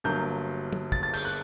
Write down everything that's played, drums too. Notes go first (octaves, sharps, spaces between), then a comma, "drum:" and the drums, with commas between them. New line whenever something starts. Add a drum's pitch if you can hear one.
G1 G2 F#3 A#3 G6
drum: tom
A6, drum: kick
A6
G6, drum: cymbal
F#6